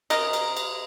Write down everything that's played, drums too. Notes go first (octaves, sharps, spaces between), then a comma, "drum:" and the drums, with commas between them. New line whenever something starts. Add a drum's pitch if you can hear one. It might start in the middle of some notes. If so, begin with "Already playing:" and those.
C#3 A#4 D#5, drum: cymbal
drum: cymbal
drum: cymbal